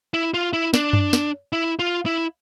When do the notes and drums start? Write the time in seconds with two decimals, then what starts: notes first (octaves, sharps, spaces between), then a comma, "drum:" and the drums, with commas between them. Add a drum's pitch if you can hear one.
0.14 E4
0.34 F4
0.53 E4
0.74 D4, drum: snare
0.93 drum: tom F#2
1.13 drum: snare
1.53 E4
1.79 F4
2.06 E4